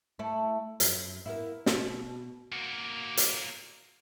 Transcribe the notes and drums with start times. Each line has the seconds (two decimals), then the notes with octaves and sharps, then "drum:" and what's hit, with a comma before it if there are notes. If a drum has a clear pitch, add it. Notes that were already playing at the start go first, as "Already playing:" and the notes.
0.19 A3 E4
0.80 F#2, drum: hi-hat
1.26 A#3 B3 E4
1.66 B2, drum: snare
2.52 A#3 F#4
3.17 drum: hi-hat